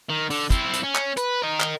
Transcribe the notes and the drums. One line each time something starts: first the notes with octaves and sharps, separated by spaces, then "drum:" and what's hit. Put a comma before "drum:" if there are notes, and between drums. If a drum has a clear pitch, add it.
D#3
D3, drum: open hi-hat
C4 E4, drum: kick, hi-hat
drum: hi-hat
C#4
drum: clap
B4, drum: hi-hat
A#4 D#5
drum: clap